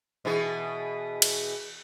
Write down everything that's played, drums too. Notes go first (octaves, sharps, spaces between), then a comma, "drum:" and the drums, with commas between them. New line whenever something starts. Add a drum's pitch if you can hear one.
B2 E3 G#4
drum: cymbal